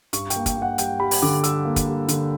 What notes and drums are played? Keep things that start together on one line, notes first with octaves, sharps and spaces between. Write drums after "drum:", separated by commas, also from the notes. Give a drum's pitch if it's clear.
G2 C#6, drum: hi-hat
G5, drum: hi-hat
A#3
G5, drum: kick, hi-hat
A#3 F#5
G3 G5, drum: hi-hat
G3 B5
drum: open hi-hat
D3 D6
G3 E6, drum: hi-hat
A#3
drum: kick, hi-hat
G3
D3, drum: hi-hat